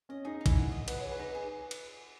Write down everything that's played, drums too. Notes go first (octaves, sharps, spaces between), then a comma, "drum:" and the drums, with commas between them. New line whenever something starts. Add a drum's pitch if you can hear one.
C#4 D#5
D#4 G#4
D#4
E4, drum: kick, cymbal
F#5
D#5
B4 F#5, drum: cymbal
G#4 C#5
B4
D#4
G#4
drum: cymbal